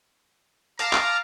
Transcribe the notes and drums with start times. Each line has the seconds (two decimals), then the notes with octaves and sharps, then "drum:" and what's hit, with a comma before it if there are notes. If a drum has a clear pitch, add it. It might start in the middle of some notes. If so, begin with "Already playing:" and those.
0.79 F5 A5 A#5 D6, drum: hi-hat
0.93 drum: clap